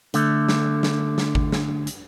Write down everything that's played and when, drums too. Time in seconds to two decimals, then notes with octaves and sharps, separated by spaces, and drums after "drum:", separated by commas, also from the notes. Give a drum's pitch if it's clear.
0.14 D3 A3, drum: hi-hat
0.49 drum: snare
0.83 drum: snare
1.18 drum: snare
1.35 drum: kick G#1
1.52 drum: snare
1.87 drum: hi-hat